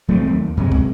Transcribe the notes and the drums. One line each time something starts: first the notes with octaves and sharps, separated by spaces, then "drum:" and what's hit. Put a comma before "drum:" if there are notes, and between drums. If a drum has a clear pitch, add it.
F#3 A3 B3 C4
D#2
F#2 C3 F#3 G#3
drum: kick